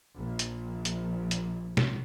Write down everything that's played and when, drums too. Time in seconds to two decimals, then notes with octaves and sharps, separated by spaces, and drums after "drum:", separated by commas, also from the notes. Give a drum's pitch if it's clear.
0.16 A#1 A#2
0.39 drum: hi-hat
0.85 drum: hi-hat
1.31 drum: hi-hat
1.77 drum: snare